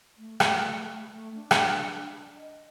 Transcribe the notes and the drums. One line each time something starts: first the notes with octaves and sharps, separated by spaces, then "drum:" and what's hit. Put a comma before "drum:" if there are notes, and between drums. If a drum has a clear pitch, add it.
A3
A3, drum: rim click
A3
D4
drum: rim click
D#5